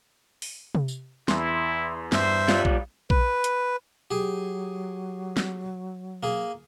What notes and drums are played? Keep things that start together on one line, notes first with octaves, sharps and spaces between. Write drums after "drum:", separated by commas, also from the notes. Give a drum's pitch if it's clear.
drum: open hi-hat
drum: tom C3
drum: tambourine
E2 E4 C6, drum: snare
G2 C5 E5, drum: snare
G3 F4, drum: snare
drum: kick A#1
B4, drum: kick A#1
drum: hi-hat
F#3 G4 G#4
drum: snare
A#3 G#4